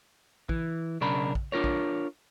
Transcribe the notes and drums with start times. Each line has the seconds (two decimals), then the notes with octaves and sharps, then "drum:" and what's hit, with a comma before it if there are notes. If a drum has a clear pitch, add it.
0.49 E3, drum: kick
1.01 B1 C#3 D4 A#4 B5
1.35 drum: kick
1.52 D4 F4 A#4 C#5
1.64 drum: kick